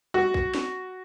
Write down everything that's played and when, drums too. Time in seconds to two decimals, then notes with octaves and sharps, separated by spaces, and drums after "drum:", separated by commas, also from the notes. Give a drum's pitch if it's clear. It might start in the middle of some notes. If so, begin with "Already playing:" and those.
0.14 F#4
0.34 drum: kick
0.55 drum: snare